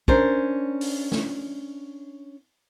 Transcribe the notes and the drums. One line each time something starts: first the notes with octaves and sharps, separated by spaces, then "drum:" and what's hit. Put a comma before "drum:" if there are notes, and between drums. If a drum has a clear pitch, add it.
C#4 D4 A#4 C5, drum: kick
drum: open hi-hat
drum: snare